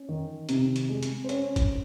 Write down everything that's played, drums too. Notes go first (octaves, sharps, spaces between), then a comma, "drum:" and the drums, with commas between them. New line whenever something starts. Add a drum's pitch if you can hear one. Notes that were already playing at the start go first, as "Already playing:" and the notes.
Already playing: C#4
D#3
C3, drum: hi-hat
drum: hi-hat
G#3
drum: hi-hat
C5
C#4 C#5, drum: hi-hat
drum: kick G1, hi-hat